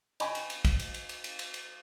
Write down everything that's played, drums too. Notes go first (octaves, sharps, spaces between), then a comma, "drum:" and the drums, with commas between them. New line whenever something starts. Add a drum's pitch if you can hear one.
D#5 G5 G#5 B5 C#6, drum: cymbal
drum: cymbal
drum: cymbal
drum: kick, cymbal
drum: cymbal
drum: cymbal
drum: cymbal
drum: cymbal
drum: cymbal
drum: cymbal